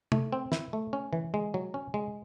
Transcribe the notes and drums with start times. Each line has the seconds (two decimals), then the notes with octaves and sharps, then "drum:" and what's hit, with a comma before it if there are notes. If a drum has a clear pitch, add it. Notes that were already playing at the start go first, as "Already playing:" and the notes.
0.12 A3, drum: tom
0.32 C4
0.52 E4, drum: snare
0.73 A3
0.93 C#4
1.13 E3
1.34 G#3
1.54 F#3
1.74 C#4
1.94 G#3